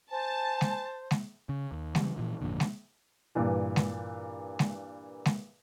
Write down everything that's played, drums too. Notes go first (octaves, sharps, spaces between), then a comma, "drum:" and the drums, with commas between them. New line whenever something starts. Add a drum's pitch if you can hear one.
C5 G#5 A5
drum: snare G#3
drum: snare G#3
C#3
D#2
C#3 E3 G3, drum: snare G#3
A#2 E3 F3
G#1 F2 A#2 D3
drum: snare G#3
G2 A#2 E3
drum: snare G#3
drum: snare G#3
drum: snare G#3